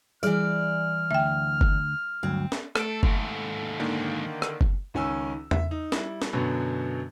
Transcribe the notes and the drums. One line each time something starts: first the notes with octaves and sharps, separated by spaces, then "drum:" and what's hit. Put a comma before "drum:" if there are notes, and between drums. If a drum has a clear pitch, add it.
E3 G3 G#4 D5 F6, drum: tambourine
D2 E5 G5
drum: kick F#1
D2 G2 F#3 C4
drum: snare
A3 A4 D7, drum: rim click
D#2 G#2, drum: kick F#1
D3 D#3 A#3
drum: rim click
drum: kick F#1
C#2 D#3 C#4 G#5 E6
E5, drum: tom E2
D#4
G3 E4, drum: snare
drum: snare
F#2 B2 D3 F#3 B3